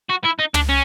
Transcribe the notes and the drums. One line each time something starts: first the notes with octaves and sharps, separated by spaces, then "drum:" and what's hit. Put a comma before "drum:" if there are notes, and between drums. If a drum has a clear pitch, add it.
F#4
E4
D#4
D4, drum: tom
C#4